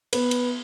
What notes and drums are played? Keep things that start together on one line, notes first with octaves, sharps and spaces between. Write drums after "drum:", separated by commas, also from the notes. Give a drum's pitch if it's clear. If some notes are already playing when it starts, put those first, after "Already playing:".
B3, drum: cymbal
drum: cymbal